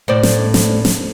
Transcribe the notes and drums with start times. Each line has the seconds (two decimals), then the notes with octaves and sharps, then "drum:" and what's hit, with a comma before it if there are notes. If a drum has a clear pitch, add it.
0.08 A2 C5 D5
0.23 drum: snare
0.54 drum: snare
0.85 drum: snare